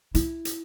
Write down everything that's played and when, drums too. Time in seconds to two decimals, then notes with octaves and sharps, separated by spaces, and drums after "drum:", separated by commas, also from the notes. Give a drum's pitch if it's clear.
0.15 E4, drum: hi-hat
0.45 drum: hi-hat